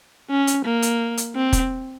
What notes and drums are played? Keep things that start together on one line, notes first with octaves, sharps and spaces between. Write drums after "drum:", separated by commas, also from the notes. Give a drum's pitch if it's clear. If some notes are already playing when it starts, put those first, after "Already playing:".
C#4
drum: hi-hat
A#3
drum: hi-hat
drum: hi-hat
C4
drum: kick, hi-hat